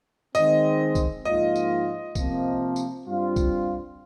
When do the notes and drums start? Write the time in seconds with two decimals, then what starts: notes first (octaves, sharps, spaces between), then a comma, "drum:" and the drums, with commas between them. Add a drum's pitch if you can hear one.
0.35 D#3 G#3 C4 D#5, drum: tambourine
0.95 drum: kick B1, tambourine
1.25 G#2 F3 A#3 F4 D#5
1.56 drum: tambourine
2.15 C3 F3 A#3, drum: kick B1, tambourine
2.76 drum: tambourine
3.06 G2 G3 C4 F4
3.36 drum: kick B1, tambourine